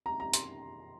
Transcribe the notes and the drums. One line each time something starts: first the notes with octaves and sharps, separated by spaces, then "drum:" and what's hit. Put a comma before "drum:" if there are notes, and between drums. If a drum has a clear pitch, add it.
A#5
A#5
C6, drum: hi-hat